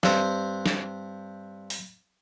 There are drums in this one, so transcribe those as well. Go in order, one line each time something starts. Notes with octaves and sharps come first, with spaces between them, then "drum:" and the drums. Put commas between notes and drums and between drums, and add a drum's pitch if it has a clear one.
G2 C4, drum: snare
drum: snare
drum: open hi-hat